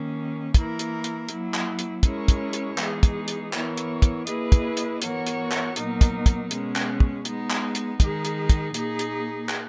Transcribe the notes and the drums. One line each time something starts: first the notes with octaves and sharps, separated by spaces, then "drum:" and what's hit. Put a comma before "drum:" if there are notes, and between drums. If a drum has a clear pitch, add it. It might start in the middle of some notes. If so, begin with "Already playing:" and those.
Already playing: D#3 A#3 C#4
E3 A#3 E4 A#4, drum: kick, hi-hat
drum: hi-hat
drum: hi-hat
F#3 A#3 E4, drum: hi-hat
drum: clap
drum: hi-hat
G#3 C#4 E4 A#4 C#5, drum: kick, hi-hat
drum: kick, hi-hat
drum: hi-hat
E3 G#3 B3 D#4 G#4, drum: clap
drum: kick, hi-hat
drum: hi-hat
E3 B3 E4 A#4 C#5, drum: clap
drum: hi-hat
drum: kick, hi-hat
A#3 E4 G#4 B4 D#5, drum: hi-hat
drum: kick, hi-hat
drum: hi-hat
E3 B3 F#4 A#4 C#5, drum: hi-hat
drum: hi-hat
drum: clap
A#2 F#3 B3 D#4 A#4, drum: hi-hat
drum: kick, hi-hat
drum: kick, hi-hat
B2 G#3 C#4, drum: hi-hat
drum: clap
drum: kick
G#3 B3 D#4, drum: hi-hat
drum: clap
drum: hi-hat
D#3 G#3 D#4 G#4, drum: kick, hi-hat
drum: hi-hat
drum: kick, hi-hat
A#2 A#3 D#4 G#4, drum: hi-hat
drum: hi-hat
drum: clap